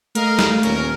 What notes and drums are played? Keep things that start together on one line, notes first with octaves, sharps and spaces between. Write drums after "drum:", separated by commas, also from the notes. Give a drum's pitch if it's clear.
A3 A#4 D#5 F5, drum: hi-hat
drum: snare
D#1 C#4 A#4, drum: hi-hat